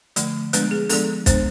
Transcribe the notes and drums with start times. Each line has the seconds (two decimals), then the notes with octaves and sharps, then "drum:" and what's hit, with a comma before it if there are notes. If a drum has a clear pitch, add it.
0.16 D3 F3 A3, drum: hi-hat
0.53 F3 G#3 B3 D4 B4, drum: hi-hat
0.71 G#4
0.89 F3 G#3 B3 D4 A4, drum: open hi-hat
1.26 G#3 B3 D4 C5, drum: kick, hi-hat